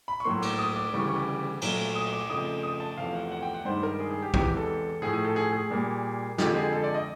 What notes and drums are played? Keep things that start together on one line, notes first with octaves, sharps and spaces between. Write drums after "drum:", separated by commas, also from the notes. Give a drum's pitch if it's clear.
B5
C#6
A2 F#3 A#3 C6
D6, drum: cymbal
D#6
D6
D2 C#3 E3 G3 C#6
C#6
D6
A#2 F#3 A3, drum: cymbal
D#6
D6
F2 C#3 F3 A3 D#6
D#6
A5
E2 C3 F3 A3 F5
F#5
F#5
G5
F#5
G2 D#3 G#3 C5
A#4
G#4
G#4
G4
E2 C3 E3 G#3 G4, drum: kick
A4
A2 F3 A3 G#4
G#4
A4
G#4
G#4
A#2 G3 A#3
F2 D3 F3 G#3 G4, drum: snare
G#4
A4
D5
D#5